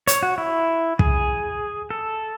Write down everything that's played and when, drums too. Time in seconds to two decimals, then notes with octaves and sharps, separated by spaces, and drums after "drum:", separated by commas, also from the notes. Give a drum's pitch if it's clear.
0.07 C#5, drum: hi-hat
0.23 F#4
0.38 E4
0.99 G#4, drum: kick
1.90 A4